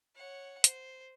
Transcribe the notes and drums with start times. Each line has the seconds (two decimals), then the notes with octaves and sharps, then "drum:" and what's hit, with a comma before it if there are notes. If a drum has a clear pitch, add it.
0.16 C#5 F#5
0.64 C5, drum: hi-hat